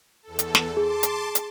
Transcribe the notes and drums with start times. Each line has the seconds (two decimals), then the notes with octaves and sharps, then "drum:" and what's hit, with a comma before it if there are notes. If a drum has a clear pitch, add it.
0.23 E2 A4
0.39 drum: hi-hat
0.55 drum: snare
0.77 G#4 A5 C6 D6
1.03 drum: hi-hat
1.35 drum: hi-hat